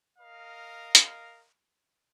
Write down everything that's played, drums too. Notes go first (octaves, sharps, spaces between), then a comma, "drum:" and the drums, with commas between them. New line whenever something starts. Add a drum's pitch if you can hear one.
A#4 D#5 F5
drum: hi-hat